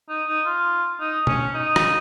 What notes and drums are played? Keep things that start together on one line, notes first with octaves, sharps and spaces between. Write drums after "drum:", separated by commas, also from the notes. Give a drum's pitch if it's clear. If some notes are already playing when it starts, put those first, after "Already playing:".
D#4
D#4
F4
D#4
C#4, drum: tom
D#4
drum: rim click